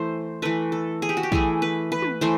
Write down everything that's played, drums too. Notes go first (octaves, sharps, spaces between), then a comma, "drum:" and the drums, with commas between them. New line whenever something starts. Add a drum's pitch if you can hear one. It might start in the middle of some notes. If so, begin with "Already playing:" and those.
Already playing: E3 A3 C5
E3 A3 B4
A4
G#4
G4
F#4
G4
E3 A3 G#4, drum: kick
B4
B4
drum: tom
E3 A3 C5